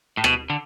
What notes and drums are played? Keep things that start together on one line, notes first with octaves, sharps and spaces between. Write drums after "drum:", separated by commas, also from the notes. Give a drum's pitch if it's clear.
A2
B2, drum: rim click
D3